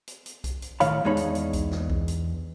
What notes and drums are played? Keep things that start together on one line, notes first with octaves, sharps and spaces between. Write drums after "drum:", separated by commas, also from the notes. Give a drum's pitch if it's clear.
drum: hi-hat
drum: hi-hat
drum: kick B1, hi-hat
drum: hi-hat
A2 D#3 C#5 F5 B5, drum: hi-hat
E2 G#3 D4 D#4 C#5 B5
drum: hi-hat
drum: hi-hat
drum: kick B1, hi-hat
drum: snare
drum: kick B1
drum: hi-hat